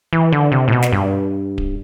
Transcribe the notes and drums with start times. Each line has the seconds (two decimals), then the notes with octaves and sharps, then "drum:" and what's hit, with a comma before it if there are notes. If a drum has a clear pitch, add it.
0.13 E3
0.32 D3
0.52 C3
0.68 A2
0.72 B2
0.82 drum: snare
0.93 G2
1.58 drum: kick D1